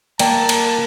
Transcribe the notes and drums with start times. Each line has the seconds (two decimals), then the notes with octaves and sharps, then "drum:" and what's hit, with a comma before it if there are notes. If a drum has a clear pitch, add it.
0.19 A#3 D5 G5 A5, drum: cymbal
0.49 drum: cymbal